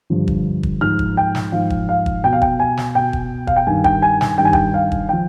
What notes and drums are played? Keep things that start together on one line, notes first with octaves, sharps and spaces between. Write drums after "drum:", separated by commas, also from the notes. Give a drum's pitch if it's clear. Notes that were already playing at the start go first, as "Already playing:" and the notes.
G2 D3 F3
drum: kick
drum: kick
G#2 F3 F6
drum: kick
G5
drum: snare
G#2 F3 F5
drum: kick
F5
drum: kick
B2 G5
F5
G5, drum: kick
G#5
drum: snare
B2 G5
drum: kick
F5, drum: kick
G5
G2 D#3 G#5
G5, drum: kick
G#5
G#5, drum: snare
G2 D#3 G5
G#5
G5, drum: kick
F5
drum: kick
F3 G5